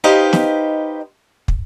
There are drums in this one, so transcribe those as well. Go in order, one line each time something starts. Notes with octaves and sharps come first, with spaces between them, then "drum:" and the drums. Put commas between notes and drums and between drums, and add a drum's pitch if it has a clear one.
D#4 G4 B4 C5 D#5 F5
drum: snare
drum: kick